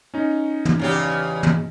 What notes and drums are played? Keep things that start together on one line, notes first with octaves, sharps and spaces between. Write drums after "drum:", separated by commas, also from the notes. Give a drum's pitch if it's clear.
C#4 D#4
drum: tom
E2 C#3 G4
drum: tom